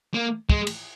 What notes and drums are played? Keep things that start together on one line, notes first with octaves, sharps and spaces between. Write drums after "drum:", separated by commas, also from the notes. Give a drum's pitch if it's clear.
A#3
G#3, drum: kick
drum: cymbal